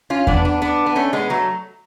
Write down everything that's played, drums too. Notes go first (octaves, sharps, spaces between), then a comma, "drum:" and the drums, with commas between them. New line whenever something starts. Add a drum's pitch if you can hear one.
C#4 F4
B3 D4, drum: kick E2
B3 D4
B3 D4
B3
A3 C#4
G#3 B3
F#3 A3